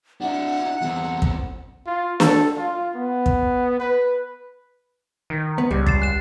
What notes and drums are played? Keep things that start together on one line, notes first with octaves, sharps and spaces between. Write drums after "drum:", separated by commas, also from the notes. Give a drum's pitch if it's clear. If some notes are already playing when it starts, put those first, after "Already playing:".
D4 E4 F#5
E2 C4
drum: kick
F4
A4, drum: snare
F4
B3
drum: kick
B4
D#3
B3
C#2 G3
A6 C7 E7, drum: kick
F#6 E7